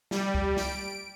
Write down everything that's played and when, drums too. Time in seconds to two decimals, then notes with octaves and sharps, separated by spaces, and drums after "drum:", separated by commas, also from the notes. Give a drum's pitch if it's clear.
0.11 G3, drum: snare
0.35 drum: kick C#2
0.57 D7, drum: snare